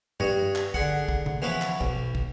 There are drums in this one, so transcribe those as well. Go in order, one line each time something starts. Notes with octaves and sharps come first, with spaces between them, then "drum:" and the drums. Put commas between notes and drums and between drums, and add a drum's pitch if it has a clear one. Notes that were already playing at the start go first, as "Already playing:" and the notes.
G2 C#5 D#5, drum: tom G2
drum: clap
D3 G#4 F#5, drum: kick
drum: kick
drum: tom C3
E3 F3 B3 C#4 E4 B4
drum: clap
B1, drum: kick
drum: kick